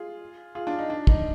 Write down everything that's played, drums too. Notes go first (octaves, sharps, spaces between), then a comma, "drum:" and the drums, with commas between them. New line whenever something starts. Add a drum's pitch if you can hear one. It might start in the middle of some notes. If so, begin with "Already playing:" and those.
Already playing: F4 G#4
F4 G#4
D4 F4
D#4
D4
D#4, drum: kick